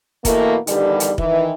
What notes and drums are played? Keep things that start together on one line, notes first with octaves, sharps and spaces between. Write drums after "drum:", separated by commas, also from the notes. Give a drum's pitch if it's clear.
B2 E3 A3 A#3, drum: kick, hi-hat
E2 G2 D3 D#3 G3, drum: hi-hat
drum: hi-hat
D#3 E3, drum: kick